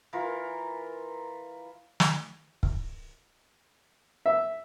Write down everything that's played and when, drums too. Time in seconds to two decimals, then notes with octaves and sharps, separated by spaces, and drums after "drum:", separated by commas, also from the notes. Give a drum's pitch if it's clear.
0.13 E3 F4 A#4
2.00 drum: snare
2.63 drum: kick
4.26 E5